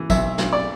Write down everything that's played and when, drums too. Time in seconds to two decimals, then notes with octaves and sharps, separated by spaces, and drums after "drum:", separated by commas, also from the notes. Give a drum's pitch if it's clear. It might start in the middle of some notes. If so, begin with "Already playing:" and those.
Already playing: E3
0.10 B1 E5, drum: kick, tambourine
0.38 B1, drum: snare
0.53 D5